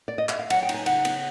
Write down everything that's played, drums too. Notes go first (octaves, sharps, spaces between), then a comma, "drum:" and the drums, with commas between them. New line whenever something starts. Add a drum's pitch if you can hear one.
D5
D#5
E5, drum: clap
F5
F#3 F#5, drum: cymbal
G5
D#4, drum: cymbal
G#5
C#3 F#5, drum: cymbal
B3, drum: cymbal